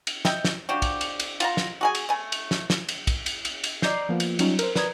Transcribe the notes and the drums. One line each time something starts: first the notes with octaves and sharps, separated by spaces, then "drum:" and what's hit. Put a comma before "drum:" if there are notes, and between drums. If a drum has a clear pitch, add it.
drum: cymbal
D#5 E5 G5, drum: snare
drum: snare
F3 D4 F#4 G4
drum: kick, cymbal
drum: cymbal
drum: cymbal
F4 F#5 A#5, drum: cymbal
drum: snare
F#4 G#4 G#5
drum: cymbal
A3 G#5
drum: cymbal
drum: snare
drum: snare
drum: cymbal
drum: kick, cymbal
drum: cymbal
drum: cymbal
drum: cymbal
D5 D#5 A#5 D6 G6 C7, drum: snare
F3 A#3 B3 F4
drum: cymbal
F#3 G3 C#4 D#4 F4, drum: cymbal
A#4 C5, drum: cymbal
B4 D5 A#5 D#6 G#6, drum: snare